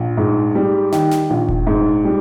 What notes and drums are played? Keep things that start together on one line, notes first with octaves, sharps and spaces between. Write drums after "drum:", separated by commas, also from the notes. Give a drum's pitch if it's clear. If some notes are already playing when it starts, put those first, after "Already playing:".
Already playing: A#1
G#2
G3
D#3, drum: snare
drum: snare
A#1
drum: kick E1
G#2
G3